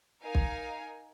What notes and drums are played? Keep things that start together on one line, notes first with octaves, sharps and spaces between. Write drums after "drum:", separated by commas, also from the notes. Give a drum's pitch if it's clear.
D#4 A#4 F5 G#5
drum: kick B1